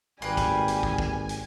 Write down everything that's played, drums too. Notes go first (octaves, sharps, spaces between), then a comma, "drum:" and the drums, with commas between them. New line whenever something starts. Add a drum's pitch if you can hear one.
G#1 G3 A#3 B4 G#5
drum: kick, hi-hat
drum: hi-hat
drum: kick
drum: kick
drum: hi-hat